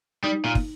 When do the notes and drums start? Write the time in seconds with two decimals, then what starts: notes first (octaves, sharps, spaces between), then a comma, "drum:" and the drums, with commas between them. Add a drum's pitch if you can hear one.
0.24 G3 D#4
0.45 A#2
0.55 drum: kick